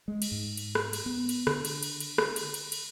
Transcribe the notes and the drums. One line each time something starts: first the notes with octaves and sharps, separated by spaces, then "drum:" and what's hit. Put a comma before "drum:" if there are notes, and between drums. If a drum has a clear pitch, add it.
G#3
drum: cymbal
G#2
drum: cymbal
drum: rim click
drum: cymbal
B3
drum: cymbal
D3, drum: rim click
drum: cymbal
drum: cymbal
drum: cymbal
drum: rim click
drum: cymbal
drum: cymbal
drum: cymbal